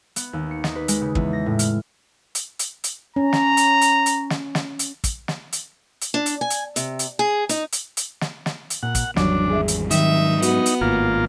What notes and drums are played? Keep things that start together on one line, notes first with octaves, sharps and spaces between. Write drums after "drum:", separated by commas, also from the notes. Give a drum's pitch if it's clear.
B3, drum: hi-hat
D#2
C#7
D#4, drum: snare
B4
G#3, drum: hi-hat
C#3
E2, drum: kick
A#6
A2
F6, drum: hi-hat
drum: hi-hat
drum: hi-hat
drum: hi-hat
C#4 A#5
drum: snare
drum: hi-hat
drum: hi-hat
drum: hi-hat
drum: snare
drum: snare
drum: hi-hat
drum: kick, hi-hat
drum: snare
drum: hi-hat
drum: hi-hat
D4
drum: hi-hat
G#5
drum: hi-hat
C3, drum: hi-hat
drum: hi-hat
G#4
D#4, drum: hi-hat
drum: hi-hat
drum: hi-hat
drum: snare
drum: snare
drum: hi-hat
A#2 F#5
drum: kick, hi-hat
G#1 E2 F#3 G3 D4, drum: snare
G#4 E5
drum: hi-hat
G#2 D#3 F#3 G3 D#4 E5, drum: hi-hat
B3 F#4, drum: hi-hat
drum: hi-hat
G#1 A2 A#3 F4